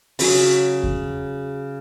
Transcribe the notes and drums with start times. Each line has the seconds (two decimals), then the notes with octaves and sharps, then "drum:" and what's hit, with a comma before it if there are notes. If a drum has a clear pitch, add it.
0.19 C#3 F#3 G#4, drum: open hi-hat
0.83 drum: kick E2